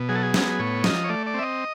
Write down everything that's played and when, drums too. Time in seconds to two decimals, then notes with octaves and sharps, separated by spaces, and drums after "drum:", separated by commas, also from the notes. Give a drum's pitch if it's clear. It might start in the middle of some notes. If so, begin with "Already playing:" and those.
Already playing: B2
0.09 F#3 G#4
0.15 A4
0.23 G#4
0.34 B3, drum: snare
0.59 A2 C#5
0.84 F3 D#5, drum: snare
1.04 C#5
1.09 A3 D5
1.27 D5
1.34 C4 E5
1.42 D#5